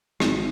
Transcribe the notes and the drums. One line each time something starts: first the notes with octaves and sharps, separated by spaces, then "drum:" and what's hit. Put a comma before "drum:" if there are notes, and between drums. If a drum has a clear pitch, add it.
G#1, drum: rim click